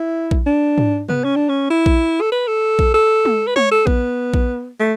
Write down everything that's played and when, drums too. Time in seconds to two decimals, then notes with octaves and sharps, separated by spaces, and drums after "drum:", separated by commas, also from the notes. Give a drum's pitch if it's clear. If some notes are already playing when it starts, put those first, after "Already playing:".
Already playing: E4
0.31 drum: kick A#1
0.47 D4
0.78 drum: tom G#2
1.09 B3, drum: tom C3
1.24 C#4
1.36 D4
1.49 C#4
1.70 E4
1.86 drum: kick A#1
2.21 A4
2.32 B4
2.48 A4
2.79 drum: kick A#1
2.94 A4
3.25 drum: tom G#3
3.47 B4
3.56 C#5, drum: tom G#3
3.71 A4
3.87 B3, drum: kick A#1
4.34 drum: kick A#1
4.80 A3